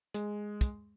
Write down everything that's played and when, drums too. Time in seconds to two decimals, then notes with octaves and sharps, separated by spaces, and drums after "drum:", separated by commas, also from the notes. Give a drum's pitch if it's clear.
0.14 G#3, drum: hi-hat
0.61 drum: kick, hi-hat